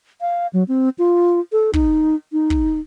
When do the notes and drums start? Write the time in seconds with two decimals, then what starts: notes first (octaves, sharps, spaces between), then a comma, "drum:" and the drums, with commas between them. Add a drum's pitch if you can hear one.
0.21 F5
0.53 F#3
0.68 C4
0.99 F4
1.52 A4
1.73 D#4, drum: kick
2.33 D#4
2.50 drum: kick